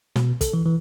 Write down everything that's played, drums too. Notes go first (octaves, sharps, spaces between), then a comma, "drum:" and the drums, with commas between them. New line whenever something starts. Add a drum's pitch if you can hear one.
B2, drum: snare
A4, drum: kick, hi-hat
E3
E3